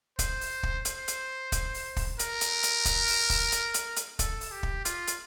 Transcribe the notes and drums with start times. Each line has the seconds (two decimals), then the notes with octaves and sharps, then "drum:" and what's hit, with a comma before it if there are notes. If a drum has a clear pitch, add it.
0.19 C5, drum: kick, hi-hat
0.41 drum: open hi-hat
0.63 drum: kick
0.85 C5, drum: hi-hat
1.08 drum: hi-hat
1.52 drum: kick, hi-hat
1.74 drum: open hi-hat
1.96 drum: kick, open hi-hat
2.19 A#4, drum: hi-hat
2.41 drum: hi-hat
2.63 drum: hi-hat
2.85 drum: kick, hi-hat
3.08 drum: open hi-hat
3.30 drum: kick, open hi-hat
3.52 drum: hi-hat
3.74 drum: hi-hat
3.96 drum: hi-hat
4.19 A4, drum: kick, hi-hat
4.41 drum: open hi-hat
4.52 G4
4.63 drum: kick
4.85 F4, drum: hi-hat
5.07 drum: hi-hat